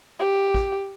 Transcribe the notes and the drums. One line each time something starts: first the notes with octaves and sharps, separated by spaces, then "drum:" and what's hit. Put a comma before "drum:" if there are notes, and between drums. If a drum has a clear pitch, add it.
G4
drum: kick